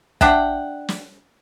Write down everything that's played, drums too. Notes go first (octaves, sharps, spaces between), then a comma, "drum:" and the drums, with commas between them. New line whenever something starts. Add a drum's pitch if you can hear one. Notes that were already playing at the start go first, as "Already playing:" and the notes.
D4 E5 F#5 G5, drum: kick
drum: snare